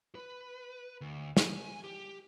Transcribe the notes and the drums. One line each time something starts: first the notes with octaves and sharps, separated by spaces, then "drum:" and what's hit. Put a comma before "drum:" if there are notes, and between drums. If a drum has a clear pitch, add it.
B4
D2
G#5, drum: snare
G4